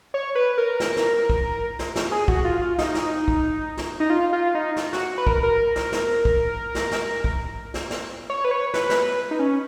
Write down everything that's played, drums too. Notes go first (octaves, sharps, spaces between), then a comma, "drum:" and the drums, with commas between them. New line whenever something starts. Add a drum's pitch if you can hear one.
C#5
B4
A#4
drum: snare
drum: snare
drum: kick
drum: snare
drum: snare
G#4
F#4, drum: kick
F4
F4
D#4, drum: snare
drum: snare
drum: kick
drum: snare
D#4
F4
F4
D#4
drum: snare
F#4, drum: snare
B4
A#4, drum: kick
A#4
drum: snare
drum: snare
drum: kick
drum: snare
drum: snare
drum: kick
drum: snare
drum: snare
C#5
B4
C#5
B4, drum: snare
drum: snare
D#4
C#4